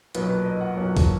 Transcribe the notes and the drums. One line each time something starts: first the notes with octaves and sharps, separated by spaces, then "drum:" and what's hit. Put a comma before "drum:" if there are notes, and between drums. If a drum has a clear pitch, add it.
B1 A#2 F#3 B3 B4, drum: hi-hat
B4
D#5
F#5
B1 A#2 F#3 B3
drum: kick, open hi-hat